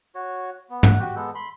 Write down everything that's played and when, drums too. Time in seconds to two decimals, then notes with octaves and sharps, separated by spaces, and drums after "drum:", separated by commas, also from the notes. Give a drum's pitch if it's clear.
0.15 F#4 C#5
0.70 B3
0.83 F#5, drum: tom
1.00 F#4 G4
1.16 G#3 B3 A4
1.35 B5 C6